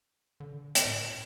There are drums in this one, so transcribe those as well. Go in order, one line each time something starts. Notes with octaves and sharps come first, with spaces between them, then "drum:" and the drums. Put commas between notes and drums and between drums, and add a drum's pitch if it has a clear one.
D3
drum: hi-hat
A2